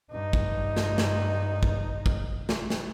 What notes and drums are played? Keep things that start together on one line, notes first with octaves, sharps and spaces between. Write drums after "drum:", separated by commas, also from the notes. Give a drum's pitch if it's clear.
G2 D#4
drum: kick
drum: snare
drum: snare
drum: kick
drum: kick
drum: snare
drum: snare